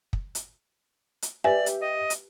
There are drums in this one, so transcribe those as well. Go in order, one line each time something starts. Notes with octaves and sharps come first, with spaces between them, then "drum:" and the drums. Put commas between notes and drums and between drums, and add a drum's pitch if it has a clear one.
drum: kick
drum: hi-hat
drum: hi-hat
G4 B4 D5 E5 G#5
drum: hi-hat
D#5
drum: hi-hat